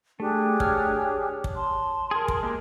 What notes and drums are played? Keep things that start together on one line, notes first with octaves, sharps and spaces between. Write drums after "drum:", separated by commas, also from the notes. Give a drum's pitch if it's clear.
A3 D4 G4 G#4
C#5 F6, drum: kick
drum: kick
A5 C6
G#4 A#4
drum: kick
G#3 A#3 G4